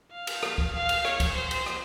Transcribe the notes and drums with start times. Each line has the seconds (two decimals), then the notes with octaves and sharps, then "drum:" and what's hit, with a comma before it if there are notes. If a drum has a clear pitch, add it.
0.12 F5
0.27 drum: cymbal
0.43 drum: rim click
0.58 drum: kick
0.74 F5
0.89 drum: cymbal
1.05 C#5, drum: rim click
1.20 drum: kick, cymbal
1.35 C5
1.51 drum: cymbal
1.66 drum: rim click